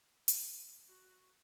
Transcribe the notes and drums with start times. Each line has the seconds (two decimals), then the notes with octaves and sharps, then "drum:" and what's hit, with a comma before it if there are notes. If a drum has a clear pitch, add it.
0.28 drum: hi-hat
0.88 F#4